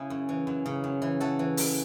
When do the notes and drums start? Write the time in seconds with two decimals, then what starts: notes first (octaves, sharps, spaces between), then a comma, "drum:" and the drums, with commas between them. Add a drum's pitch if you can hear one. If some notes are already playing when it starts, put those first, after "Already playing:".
Already playing: C#3 E4 G#4
0.10 F#2
0.29 E3
0.47 F#2
0.66 C#3
0.84 F#2
1.02 E3
1.20 E3 F#4 A4
1.39 E3
1.57 F#2, drum: open hi-hat